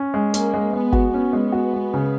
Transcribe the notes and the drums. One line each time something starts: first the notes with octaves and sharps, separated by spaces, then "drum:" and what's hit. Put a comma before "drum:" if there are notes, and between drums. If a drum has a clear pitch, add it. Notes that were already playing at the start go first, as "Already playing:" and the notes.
Already playing: C#4
G#3
A#3 C#4, drum: hi-hat
G#3
G#3 B3
F#4, drum: kick G1
B3 C#4
G#3
F#4
G#3
C#3